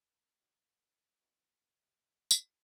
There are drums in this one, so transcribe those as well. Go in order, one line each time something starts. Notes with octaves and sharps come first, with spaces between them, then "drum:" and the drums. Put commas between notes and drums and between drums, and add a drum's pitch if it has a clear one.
A#4 A#5
D#4 F#4 G4 C#5
A#4 F5
A#3 C4 D#4 E4 F#4 B4
G#2 B2 G4 D#5 E5 F#6
drum: tambourine